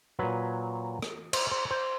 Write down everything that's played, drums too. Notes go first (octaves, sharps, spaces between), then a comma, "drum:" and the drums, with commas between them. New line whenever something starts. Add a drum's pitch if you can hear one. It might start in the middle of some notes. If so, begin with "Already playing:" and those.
A#2 F#3 B4
drum: rim click
C5, drum: cymbal
C5
C5